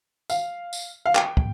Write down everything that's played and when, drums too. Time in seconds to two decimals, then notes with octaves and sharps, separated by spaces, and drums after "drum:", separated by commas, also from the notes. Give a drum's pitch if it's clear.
0.30 F5, drum: tambourine
0.73 drum: tambourine
1.06 F5
1.15 G5, drum: clap
1.37 drum: kick